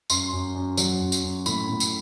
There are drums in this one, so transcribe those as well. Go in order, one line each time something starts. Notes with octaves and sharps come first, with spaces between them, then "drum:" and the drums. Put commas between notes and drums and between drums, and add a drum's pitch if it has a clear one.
F#2 C6, drum: tambourine
F#2
F#2
F#3, drum: tambourine
F#2
drum: tambourine
F#2
A2 B5, drum: tambourine
A2
drum: tambourine